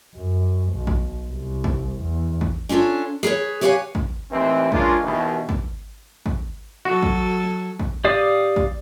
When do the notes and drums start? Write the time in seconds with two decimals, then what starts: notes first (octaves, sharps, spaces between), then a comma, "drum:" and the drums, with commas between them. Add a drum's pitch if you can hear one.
0.15 F#2
0.72 B1
0.87 drum: kick
1.30 C2
1.64 drum: kick
2.00 E2
2.41 drum: kick
2.69 C#4 D4 F4 A4 C#5
3.23 G#4 A#4 B4 C#5
3.61 G4 B4 C#5 D5 F5 G#5
3.95 drum: kick
4.31 A1 D#2 E3 C4 E4 B4
4.72 G#3 A#3 C#4 D4 F4, drum: kick
5.03 D#2 B2 E3
5.49 drum: kick
6.26 drum: kick
6.85 F#3 F#4 A4
7.03 drum: kick
7.79 drum: kick
8.04 G4 D5 F5 D#6
8.56 drum: kick